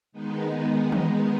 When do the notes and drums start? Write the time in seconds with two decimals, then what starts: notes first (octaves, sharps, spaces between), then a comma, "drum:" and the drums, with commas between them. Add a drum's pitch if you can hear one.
0.12 D#3 G#3 B3 D#4
0.92 drum: tom